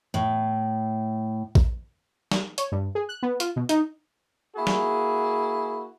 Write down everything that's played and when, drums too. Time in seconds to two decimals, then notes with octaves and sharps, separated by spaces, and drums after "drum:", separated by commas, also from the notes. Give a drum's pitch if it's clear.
0.14 A2
1.55 drum: kick A#1
2.32 drum: snare
2.58 C#5, drum: hi-hat
2.72 G2
2.95 G#4
3.09 F#6
3.23 B3
3.40 F4, drum: hi-hat
3.56 B2
3.69 D#4, drum: hi-hat
4.57 A#3 E4 F#4 G#4
4.67 drum: snare